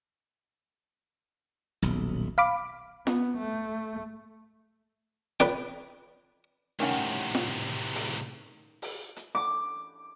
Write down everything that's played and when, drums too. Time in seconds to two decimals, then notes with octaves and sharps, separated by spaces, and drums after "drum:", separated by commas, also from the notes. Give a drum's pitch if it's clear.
1.82 D#1 B1, drum: hi-hat
2.38 F5 B5 D6
3.07 B3, drum: snare F4
3.38 A3
5.40 B4 D5 G5, drum: snare F4
6.80 A2 C3 D#3 C#4 F#5
7.35 drum: snare F4
7.95 drum: open hi-hat
8.82 drum: open hi-hat
9.16 drum: hi-hat
9.35 D6